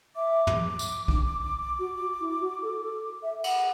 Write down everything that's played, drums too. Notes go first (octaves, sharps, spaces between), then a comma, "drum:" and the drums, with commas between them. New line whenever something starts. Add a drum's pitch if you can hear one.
E5 D6
drum: tom
drum: tambourine
drum: kick B1
F#4
F#4
E4
F#4
A4
A4
E5
F#5 B5, drum: cymbal